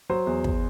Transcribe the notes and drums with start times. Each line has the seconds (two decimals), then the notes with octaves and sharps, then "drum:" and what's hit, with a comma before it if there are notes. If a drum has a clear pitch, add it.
0.09 F#3 C5
0.27 E2
0.44 drum: kick